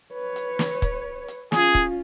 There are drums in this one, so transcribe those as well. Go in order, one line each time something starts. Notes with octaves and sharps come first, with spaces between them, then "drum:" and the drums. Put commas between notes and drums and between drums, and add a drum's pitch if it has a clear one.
B4 C#5
drum: hi-hat
drum: snare
drum: kick, hi-hat
drum: hi-hat
C#4 F4 G#4, drum: snare
drum: kick, hi-hat